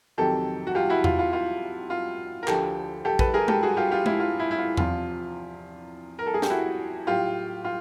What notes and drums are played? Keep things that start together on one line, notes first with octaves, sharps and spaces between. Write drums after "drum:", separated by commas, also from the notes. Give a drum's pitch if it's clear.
F2 C3 D#3 F#3 G4 A4
F#4
F4 G4
E4 F#4
F4, drum: tom E2
F4
F4
F4
A#4
D2 D3 F3 G4 A4, drum: clap
G4 A4
A4 B4, drum: kick A#1
G#4 A#4
G4 A4, drum: tom G#3
F#4 G#4
F4 G4
F4 G4
E4, drum: tom G#3
F4
E4
E4
F4
E2 C3 F3 F4, drum: tom E2
A#4
A4
G#4
G4, drum: snare
E4 F#4
A2 F#3 F4 G4
F4